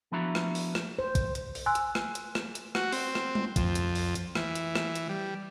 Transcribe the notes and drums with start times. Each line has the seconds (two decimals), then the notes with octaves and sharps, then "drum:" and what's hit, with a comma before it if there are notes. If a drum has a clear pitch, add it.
0.12 F3 B3 D4 E4 F#4 A#5
0.35 drum: rim click
0.55 drum: open hi-hat
0.75 drum: rim click
0.99 C5
1.15 drum: kick, hi-hat
1.35 drum: hi-hat
1.55 drum: open hi-hat
1.66 G#5 C6 E6 F#6
1.75 drum: hi-hat
1.95 drum: rim click
2.15 drum: hi-hat
2.35 drum: rim click
2.55 drum: hi-hat
2.75 F#4, drum: rim click
2.92 C4, drum: open hi-hat
3.15 drum: rim click
3.35 drum: tom G3
3.56 F2, drum: kick, hi-hat
3.75 drum: hi-hat
3.95 drum: open hi-hat
4.15 drum: hi-hat
4.35 E3, drum: rim click
4.55 drum: hi-hat
4.75 drum: rim click
4.95 drum: hi-hat
5.09 G3